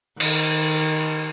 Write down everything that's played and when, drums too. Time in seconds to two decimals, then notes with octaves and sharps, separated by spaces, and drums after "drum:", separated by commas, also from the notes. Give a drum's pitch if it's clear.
0.20 D#3, drum: cymbal